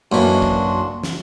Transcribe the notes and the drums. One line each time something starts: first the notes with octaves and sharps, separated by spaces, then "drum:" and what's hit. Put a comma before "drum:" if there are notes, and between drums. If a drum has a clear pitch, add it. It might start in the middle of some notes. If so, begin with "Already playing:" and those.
F#2 E3 A#3 D4 F#4 D5 D#5 C6
drum: kick
drum: snare